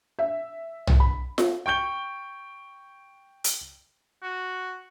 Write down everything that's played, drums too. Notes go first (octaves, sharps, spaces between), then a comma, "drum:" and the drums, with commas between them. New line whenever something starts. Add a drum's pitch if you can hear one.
E5
drum: tom B1
B5
drum: snare F4
G5 C#6 G6 G7
drum: hi-hat
F#4